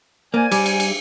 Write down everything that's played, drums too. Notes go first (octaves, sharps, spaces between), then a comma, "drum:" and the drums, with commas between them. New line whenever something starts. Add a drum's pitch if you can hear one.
A#3 C5 D5 G#5
G3, drum: cymbal
drum: cymbal
drum: cymbal